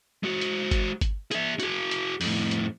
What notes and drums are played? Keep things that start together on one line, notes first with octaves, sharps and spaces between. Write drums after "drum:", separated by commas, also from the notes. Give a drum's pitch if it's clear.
G#3 F#4
drum: hi-hat
drum: kick G1, hi-hat
drum: kick G1, hi-hat
G#4 E5, drum: hi-hat
F#4 G#4, drum: hi-hat
drum: hi-hat
F2 A2, drum: open hi-hat
drum: hi-hat